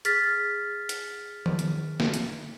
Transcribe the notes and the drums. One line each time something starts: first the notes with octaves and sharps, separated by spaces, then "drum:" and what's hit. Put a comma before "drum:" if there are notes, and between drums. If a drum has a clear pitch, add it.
G#4 F6 A6 B6, drum: hi-hat
drum: hi-hat
drum: tom D#3
drum: hi-hat
drum: snare
drum: hi-hat